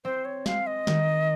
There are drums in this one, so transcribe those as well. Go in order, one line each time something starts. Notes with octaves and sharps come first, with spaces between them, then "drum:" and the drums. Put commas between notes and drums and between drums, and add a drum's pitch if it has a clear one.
C4 C5
C#5
G#3 F5, drum: snare
D#5
D#3, drum: snare